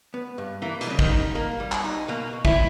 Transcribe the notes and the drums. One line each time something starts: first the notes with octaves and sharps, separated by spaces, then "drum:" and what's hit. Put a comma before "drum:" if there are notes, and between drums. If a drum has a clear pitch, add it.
B3
G2
E3 A#3
B2, drum: hi-hat
C#3 G3
D#3, drum: kick
D#4
A#3 A#4
G3
drum: clap
D#4
B2 A#3
B2
E4, drum: kick